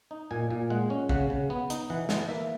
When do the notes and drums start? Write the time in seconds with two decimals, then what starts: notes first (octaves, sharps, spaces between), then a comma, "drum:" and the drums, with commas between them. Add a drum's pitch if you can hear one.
0.11 D#4
0.31 A#2 G#5
0.51 A#2
0.70 G#3 F#5
0.90 C#4
1.09 C#3 F#5, drum: kick
1.30 C#3
1.50 B3
1.70 D#4, drum: hi-hat
1.90 E3 F#5
2.09 E3, drum: snare
2.29 A#3 E5